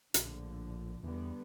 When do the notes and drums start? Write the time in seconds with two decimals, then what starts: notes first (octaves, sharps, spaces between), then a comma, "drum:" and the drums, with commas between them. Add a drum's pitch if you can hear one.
0.14 A#1 A2 D3 F3, drum: hi-hat
1.03 E2 D3 G3 B3